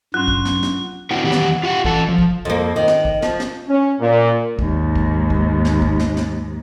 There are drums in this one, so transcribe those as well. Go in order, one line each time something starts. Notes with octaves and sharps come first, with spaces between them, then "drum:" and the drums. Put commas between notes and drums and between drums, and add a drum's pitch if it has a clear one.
G2 F#3 C#4 F4 C6 F#6
drum: kick
drum: snare
drum: snare
A#3 C4 E4 F#4
E2 D#3 G4 F#5
drum: snare
F4 G4 F#5
E3 A4 A5, drum: kick
F3
drum: kick
F2 A#3
D#3
drum: snare
drum: kick
F3, drum: snare
drum: snare
C#4
A#2
D#2 G#2, drum: kick
drum: kick
drum: kick
drum: snare
drum: kick
drum: snare
drum: snare